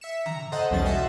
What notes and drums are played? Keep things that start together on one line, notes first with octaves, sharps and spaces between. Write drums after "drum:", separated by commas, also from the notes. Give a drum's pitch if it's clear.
E5 B6 C#7 E7
A#5, drum: tom C#3
A4 C5 D#5 F#5
B1 E2 G3 C#4 A6
F#4 E5 F#5 C6